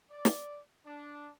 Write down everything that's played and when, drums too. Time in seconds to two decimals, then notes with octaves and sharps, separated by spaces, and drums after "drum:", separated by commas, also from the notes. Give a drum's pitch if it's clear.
0.11 D5
0.25 drum: snare
0.86 D4